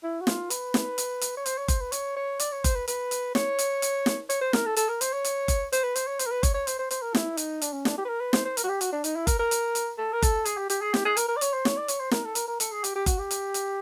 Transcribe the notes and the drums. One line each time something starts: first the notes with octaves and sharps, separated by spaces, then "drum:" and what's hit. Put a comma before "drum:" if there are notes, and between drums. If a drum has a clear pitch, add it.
E4
F#4
F4, drum: snare
B4, drum: hi-hat
drum: snare
drum: hi-hat
drum: hi-hat
C#5
C5, drum: hi-hat
C#5
C5, drum: kick F#1, hi-hat
B4
C#5, drum: hi-hat
C#5
D5, drum: hi-hat
C#5
C5, drum: kick F#1, hi-hat
B4
B4, drum: hi-hat
drum: hi-hat
C#5, drum: snare
drum: hi-hat
drum: hi-hat
drum: snare
C#5, drum: hi-hat
C5
A#4, drum: snare
A4
A4, drum: hi-hat
A#4
C5, drum: hi-hat
C#5
drum: hi-hat
drum: kick F#1, hi-hat
C5, drum: hi-hat
B4
C5, drum: hi-hat
C#5
C5, drum: hi-hat
A#4
B4
C#5, drum: kick F#1, hi-hat
C#5
C5, drum: hi-hat
C5
C5, drum: hi-hat
A#4
E4, drum: snare
D#4, drum: hi-hat
D4, drum: hi-hat
C#4
D4, drum: snare
G4
B4
A#4
B4
C5, drum: snare
C5
A#4, drum: hi-hat
F#4
G4
F#4, drum: hi-hat
D4
D#4, drum: hi-hat
E4
A#4, drum: kick F#1, hi-hat
A#4
drum: hi-hat
drum: hi-hat
A4
A#4
A4, drum: kick F#1, hi-hat
G#4, drum: hi-hat
G4
G4, drum: hi-hat
G#4
G4, drum: snare
G#4
A#4, drum: hi-hat
A#4
D5
C#5, drum: hi-hat
C5
C#5, drum: snare
D5
C#5, drum: hi-hat
C5
A#4, drum: snare
A4
A#4, drum: hi-hat
A#4
A4, drum: hi-hat
G#4
G4, drum: hi-hat
G4
F#4, drum: kick F#1, hi-hat
G4
drum: hi-hat
drum: hi-hat